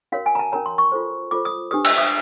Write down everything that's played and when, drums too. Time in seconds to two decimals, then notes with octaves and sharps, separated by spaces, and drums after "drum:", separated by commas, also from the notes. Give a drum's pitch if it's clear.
0.12 C#4 F#4 A#4 C#5 F5
0.26 G#5
0.35 A#5
0.39 A5
0.52 C#4 F#4 A#4 C#5 A#5
0.66 C6
0.78 C#6
0.92 F4 A4 C5
1.31 F4 A4 C5 D6
1.45 D#6
1.71 D4 G4 B4 D#6
1.84 E6, drum: cymbal
1.98 D#6